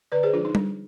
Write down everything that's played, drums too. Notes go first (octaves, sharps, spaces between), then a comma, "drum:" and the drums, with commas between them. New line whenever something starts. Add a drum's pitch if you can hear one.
D3 B4 D5
G#4 C5
F3 G#3 D4 F4
D#4
G3 D4, drum: tom G3